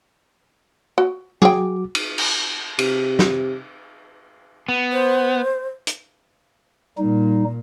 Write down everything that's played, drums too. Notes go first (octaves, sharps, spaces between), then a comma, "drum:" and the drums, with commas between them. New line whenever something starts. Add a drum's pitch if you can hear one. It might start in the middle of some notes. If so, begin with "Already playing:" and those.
F#4
F#3 F#4 G#4 G5 D6, drum: tom
drum: cymbal
drum: cymbal
C3, drum: cymbal
drum: snare
B3
C5
drum: hi-hat
A#2 G3 A#3 D#4